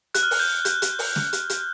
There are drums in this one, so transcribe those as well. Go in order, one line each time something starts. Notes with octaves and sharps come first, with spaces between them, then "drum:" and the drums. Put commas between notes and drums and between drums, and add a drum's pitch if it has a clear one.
F#6, drum: hi-hat
F6
F#6, drum: open hi-hat
G6
G6, drum: hi-hat
drum: hi-hat
drum: open hi-hat
drum: snare
drum: hi-hat
drum: hi-hat